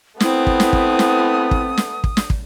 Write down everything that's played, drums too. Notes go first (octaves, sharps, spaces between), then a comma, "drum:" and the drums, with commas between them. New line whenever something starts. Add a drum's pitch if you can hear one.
A3 B3 C4 E4 D#6, drum: snare
drum: kick
drum: snare
drum: kick
drum: snare
drum: kick
drum: snare
drum: kick
drum: snare
drum: kick